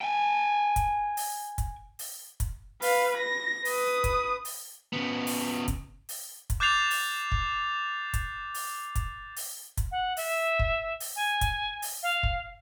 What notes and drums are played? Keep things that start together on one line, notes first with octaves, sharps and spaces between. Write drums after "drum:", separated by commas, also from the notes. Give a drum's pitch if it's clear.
G5 G#5
drum: kick, hi-hat
drum: open hi-hat
drum: kick, hi-hat
drum: open hi-hat
drum: kick, hi-hat
B4 F5, drum: open hi-hat
A#6
B4 D#6, drum: open hi-hat
drum: kick, hi-hat
drum: open hi-hat
C#3 B3
drum: open hi-hat
drum: kick, hi-hat
drum: open hi-hat
drum: kick, hi-hat
D6 F#6 G6 A6 C7 F7
drum: open hi-hat
drum: kick
drum: kick, hi-hat
drum: open hi-hat
drum: kick, hi-hat
drum: open hi-hat
drum: kick, hi-hat
F#5
E5, drum: open hi-hat
drum: kick
drum: open hi-hat
G#5
drum: kick, hi-hat
drum: open hi-hat
F5
drum: kick